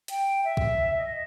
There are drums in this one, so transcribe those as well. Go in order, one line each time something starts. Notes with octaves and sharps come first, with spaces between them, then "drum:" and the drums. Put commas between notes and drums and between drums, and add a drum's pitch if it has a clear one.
G5, drum: hi-hat
E5
drum: kick
D#5